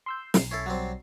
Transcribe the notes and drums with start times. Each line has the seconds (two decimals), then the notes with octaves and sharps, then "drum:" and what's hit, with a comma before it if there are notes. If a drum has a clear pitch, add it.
0.06 C6 E6 G6
0.34 B1 C7, drum: snare
0.51 C#4 E4 A4
0.66 F#3 G3 C4